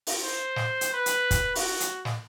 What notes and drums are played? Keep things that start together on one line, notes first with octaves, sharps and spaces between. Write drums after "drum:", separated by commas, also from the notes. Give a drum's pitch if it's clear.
drum: open hi-hat
C5
drum: snare
drum: hi-hat
B4
drum: hi-hat
drum: kick, hi-hat
F#4, drum: open hi-hat
drum: hi-hat
drum: snare